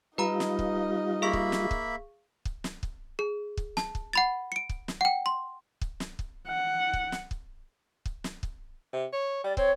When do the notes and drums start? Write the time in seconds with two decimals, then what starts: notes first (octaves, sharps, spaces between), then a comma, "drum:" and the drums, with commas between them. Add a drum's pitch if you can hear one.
0.18 G3 D#4 F4 B4 D#5 A#5 B5
0.40 drum: snare
0.59 drum: kick
1.22 A#3 G#4 E5 F5 B5 C#6
1.33 drum: kick
1.52 drum: snare
1.71 drum: kick
2.45 drum: kick
2.64 drum: snare
2.83 drum: kick
3.19 G#4
3.57 drum: kick
3.77 A5, drum: snare
3.95 drum: kick
4.13 F#5 B5 A6
4.52 C#7 D7
4.69 drum: kick
4.88 drum: snare
5.01 F#5 G5
5.26 C6
5.81 drum: kick
6.00 drum: snare
6.19 drum: kick
6.48 F#5
6.93 drum: kick
7.12 drum: snare
7.31 drum: kick
8.06 drum: kick
8.24 drum: snare
8.43 drum: kick
8.93 C3
9.13 C#5
9.44 G3 D5
9.57 C4 C#5, drum: kick